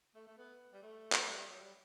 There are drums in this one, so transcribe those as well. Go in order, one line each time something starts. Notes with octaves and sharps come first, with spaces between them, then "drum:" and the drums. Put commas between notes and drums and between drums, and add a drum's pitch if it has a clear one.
A3
A3
B3
G3
A3
drum: clap
A3
G3
F#3
G3